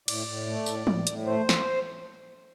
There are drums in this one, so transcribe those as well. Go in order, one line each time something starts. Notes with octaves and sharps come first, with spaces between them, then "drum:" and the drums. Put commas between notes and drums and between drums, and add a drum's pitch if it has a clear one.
A2 D5, drum: cymbal
A2
A3
A2, drum: tambourine
A2, drum: tom
A2, drum: hi-hat
A3 C5
drum: snare